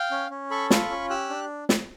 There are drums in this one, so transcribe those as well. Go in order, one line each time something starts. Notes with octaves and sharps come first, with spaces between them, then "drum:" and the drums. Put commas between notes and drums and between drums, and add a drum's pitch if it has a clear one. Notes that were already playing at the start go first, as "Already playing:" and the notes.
Already playing: F5 G5
C#4
C#4
A4 B5 C#6
F4 B5 C#6, drum: snare
C#4
G4 E6 F#6
D4
drum: snare